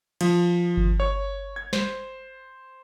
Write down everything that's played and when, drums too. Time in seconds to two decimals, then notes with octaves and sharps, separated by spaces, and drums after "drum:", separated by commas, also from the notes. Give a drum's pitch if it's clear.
0.21 F3, drum: cymbal
0.77 drum: kick G1
1.00 C#5
1.56 G#6
1.73 C5, drum: snare